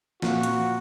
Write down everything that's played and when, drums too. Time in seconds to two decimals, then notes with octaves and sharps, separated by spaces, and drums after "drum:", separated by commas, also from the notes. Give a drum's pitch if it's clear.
0.22 A#2 F3 A#3 F4 F#4, drum: snare
0.43 drum: hi-hat